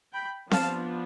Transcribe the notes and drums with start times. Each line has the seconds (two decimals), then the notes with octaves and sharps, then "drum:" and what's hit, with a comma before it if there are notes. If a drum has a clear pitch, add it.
0.13 G5 B5
0.51 F3 B3 D4 F5 A5, drum: snare C4